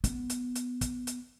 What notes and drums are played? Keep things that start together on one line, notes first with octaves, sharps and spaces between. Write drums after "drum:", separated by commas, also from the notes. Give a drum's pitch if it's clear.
B3, drum: kick, hi-hat
drum: hi-hat
drum: hi-hat
drum: kick, hi-hat
drum: hi-hat